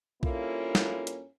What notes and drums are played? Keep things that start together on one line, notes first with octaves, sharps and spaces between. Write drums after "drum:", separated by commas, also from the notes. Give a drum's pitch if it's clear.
G2 A#3 C#4 E4 F4 A4, drum: kick B1
drum: snare
drum: hi-hat